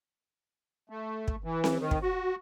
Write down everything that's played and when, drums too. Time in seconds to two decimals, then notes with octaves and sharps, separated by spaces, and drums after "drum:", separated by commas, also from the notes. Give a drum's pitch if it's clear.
0.90 A3
1.28 drum: kick
1.44 E3
1.64 drum: snare C4
1.80 D#3
1.91 drum: kick
2.02 F#4